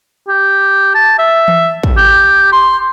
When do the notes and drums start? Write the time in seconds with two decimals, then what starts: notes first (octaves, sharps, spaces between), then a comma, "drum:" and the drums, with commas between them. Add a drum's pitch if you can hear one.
0.28 G4
0.94 A5
1.18 E5
1.48 drum: tom E3
1.83 drum: kick
1.97 G4
2.52 C6